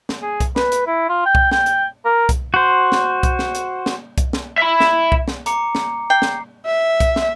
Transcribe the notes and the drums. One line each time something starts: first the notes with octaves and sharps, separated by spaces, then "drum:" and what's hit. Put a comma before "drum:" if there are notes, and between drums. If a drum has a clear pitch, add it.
drum: snare
G#4
drum: kick C2, hi-hat
B4, drum: snare
drum: hi-hat
E4
F4
G5
drum: kick C2
G5, drum: snare
drum: hi-hat
A#4
drum: kick C2, hi-hat
F#4 C5
drum: snare
drum: kick C2, hi-hat
drum: snare
drum: hi-hat
drum: snare
drum: kick C2, hi-hat
drum: snare
E5 B5
drum: snare
drum: kick C2
drum: snare
A#5 D6 C#7, drum: hi-hat
drum: snare
G5 C7
drum: snare
E5
drum: kick C2, hi-hat
drum: snare